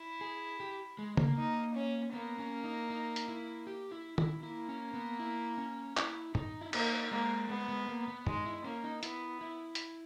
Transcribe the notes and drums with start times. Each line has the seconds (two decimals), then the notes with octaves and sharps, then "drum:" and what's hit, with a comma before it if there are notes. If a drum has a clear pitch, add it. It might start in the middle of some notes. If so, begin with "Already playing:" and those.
Already playing: E4
0.21 G#4
0.60 G4
0.99 G#3
1.17 A#3, drum: tom C#3
1.37 D#4
1.75 C#4
2.13 A#3 B3
2.39 C#4
2.64 D#4
2.90 D#4
3.16 drum: hi-hat
3.29 E4
3.67 G4
3.92 E4
4.18 E4, drum: tom
4.43 A#3 E4
4.69 C#4
4.94 B3
5.19 E4
5.58 C#4
5.97 E4, drum: clap
6.35 D#4, drum: tom
6.61 E4
6.73 A#3 D#4, drum: cymbal
7.11 G#3 A#3
7.50 G#3 B3
7.69 G#3
7.89 A#3
8.08 B3
8.27 G#3 D#4, drum: tom
8.45 E4
8.64 A#3 C#4
8.84 D#4
9.03 B3 E4, drum: hi-hat
9.41 E4
9.75 drum: hi-hat